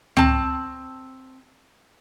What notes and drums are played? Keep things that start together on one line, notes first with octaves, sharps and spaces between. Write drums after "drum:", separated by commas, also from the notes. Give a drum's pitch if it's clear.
C4 A5, drum: tom C#2